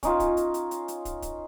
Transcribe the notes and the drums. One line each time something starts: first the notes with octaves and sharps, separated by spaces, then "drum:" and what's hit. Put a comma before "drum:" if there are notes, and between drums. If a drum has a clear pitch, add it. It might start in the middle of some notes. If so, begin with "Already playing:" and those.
C#4 D#4 F4, drum: kick, hi-hat
drum: kick, hi-hat
drum: hi-hat
drum: hi-hat
drum: hi-hat
drum: hi-hat
drum: kick, hi-hat
drum: kick, hi-hat